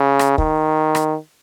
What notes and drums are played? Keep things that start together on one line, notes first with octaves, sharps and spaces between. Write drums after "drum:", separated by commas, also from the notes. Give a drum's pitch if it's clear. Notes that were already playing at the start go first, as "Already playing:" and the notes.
Already playing: C#3
drum: rim click
D#3, drum: kick
drum: rim click